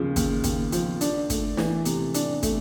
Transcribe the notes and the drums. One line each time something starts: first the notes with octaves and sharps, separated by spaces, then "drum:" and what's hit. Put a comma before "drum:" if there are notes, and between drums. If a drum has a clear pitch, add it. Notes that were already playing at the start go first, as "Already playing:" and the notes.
Already playing: D#2 C#3 F3
D#2, drum: kick, hi-hat
D#2, drum: kick, hi-hat
F3, drum: hi-hat
D4, drum: hi-hat
A3, drum: kick, hi-hat
E3, drum: snare
C3, drum: hi-hat
D4, drum: hi-hat
A3, drum: kick, hi-hat